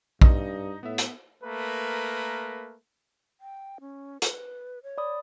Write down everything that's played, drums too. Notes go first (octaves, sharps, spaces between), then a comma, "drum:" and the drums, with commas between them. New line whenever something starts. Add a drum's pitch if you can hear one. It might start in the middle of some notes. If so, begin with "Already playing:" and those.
G2 D#4 D#5, drum: kick
A2 B3 E5
drum: hi-hat
A3 A#3 A#4 B4
G5
C#4
B4, drum: hi-hat
C#5
D5 B5 D#6